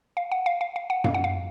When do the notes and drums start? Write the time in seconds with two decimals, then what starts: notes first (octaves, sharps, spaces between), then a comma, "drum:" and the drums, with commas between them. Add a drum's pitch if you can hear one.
0.17 F5
0.32 F#5
0.46 F5
0.61 F5
0.76 F5
0.90 F#5
1.04 F5, drum: tom F#2
1.14 F#5
1.24 F5